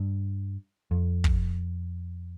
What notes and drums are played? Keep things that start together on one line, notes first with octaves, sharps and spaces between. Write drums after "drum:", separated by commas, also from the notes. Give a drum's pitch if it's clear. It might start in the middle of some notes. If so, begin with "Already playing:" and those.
Already playing: G2
F2
drum: kick